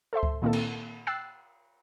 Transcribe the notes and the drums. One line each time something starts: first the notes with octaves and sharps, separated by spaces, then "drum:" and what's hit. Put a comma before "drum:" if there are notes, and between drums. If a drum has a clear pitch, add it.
A4 C5 E5 C6
drum: kick C#2
A#2 D#3 A#3 C4 E4 A4
drum: cymbal
G5 E6 F#6 A6 C7